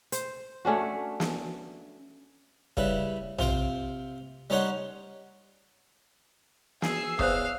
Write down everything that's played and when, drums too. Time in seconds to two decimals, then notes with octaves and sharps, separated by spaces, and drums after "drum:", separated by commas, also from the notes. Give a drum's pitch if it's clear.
0.12 C5, drum: hi-hat
0.65 A3 C#4 D4 F#4
1.20 drum: snare
2.77 C#3 G3 E4 B4, drum: kick
3.39 C3 F4 C5 G5, drum: tom
4.50 G3 C#4 D#4 C5 C#5 F#5
6.82 G#4 E6 C7, drum: snare
7.19 E2 C5 C#5 F5 D#6, drum: kick